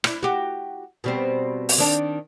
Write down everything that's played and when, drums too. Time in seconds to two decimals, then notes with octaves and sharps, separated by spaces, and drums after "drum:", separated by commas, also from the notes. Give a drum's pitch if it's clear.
0.04 D4 E4, drum: rim click
0.23 F#4 G4
1.04 B2 G3 C4
1.69 drum: open hi-hat
1.78 D#3 D4